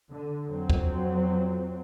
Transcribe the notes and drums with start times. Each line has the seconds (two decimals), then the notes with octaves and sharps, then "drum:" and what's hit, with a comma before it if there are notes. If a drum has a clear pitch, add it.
0.11 D3
0.46 F2 F#3 C4
0.70 drum: kick